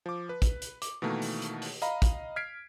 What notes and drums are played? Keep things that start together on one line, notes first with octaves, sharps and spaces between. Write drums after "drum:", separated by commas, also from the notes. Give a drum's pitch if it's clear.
F3 D6
B4
drum: kick, hi-hat
drum: hi-hat
D6, drum: hi-hat
B2 D#3 E3 A3 A#3
drum: open hi-hat
drum: hi-hat
drum: open hi-hat
D#5 F5 A#5 B5, drum: hi-hat
drum: kick, hi-hat
F6 G#6 B6 C7 D7